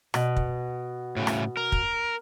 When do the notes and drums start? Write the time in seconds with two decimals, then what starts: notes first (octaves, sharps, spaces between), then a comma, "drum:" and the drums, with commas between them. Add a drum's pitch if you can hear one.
0.14 B2, drum: rim click
0.36 drum: kick
1.17 A2 C#3
1.27 drum: rim click
1.57 A#4
1.72 drum: kick